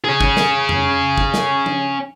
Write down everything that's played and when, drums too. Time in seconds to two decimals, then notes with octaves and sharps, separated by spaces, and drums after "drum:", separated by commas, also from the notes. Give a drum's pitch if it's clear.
0.04 C#4 G#4
0.21 drum: kick
0.37 drum: snare
0.69 drum: tom F2
1.18 drum: kick
1.34 drum: snare
1.66 drum: tom F3